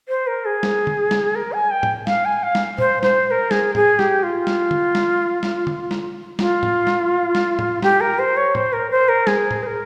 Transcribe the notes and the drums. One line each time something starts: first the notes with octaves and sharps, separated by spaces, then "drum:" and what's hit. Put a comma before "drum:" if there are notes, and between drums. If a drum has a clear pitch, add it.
C5
A#4
G#4
drum: snare
drum: tom D3
drum: snare
A#4
G#5
G5
drum: tom A2
F5, drum: snare
G#5
F5
drum: snare
C5, drum: tom A#2
C5, drum: snare
C5
A#4
G#4, drum: snare
G#4, drum: tom A2
G4, drum: snare
F4
drum: snare
drum: tom D3
drum: snare
drum: snare
drum: tom D3
drum: snare
F4, drum: snare
drum: tom A2
drum: snare
drum: snare
drum: tom A2
G4, drum: snare
A#4
C5
C#5
C5, drum: tom A2
A#4
C5
A#4
G#4, drum: snare
drum: tom A2
C5
A#4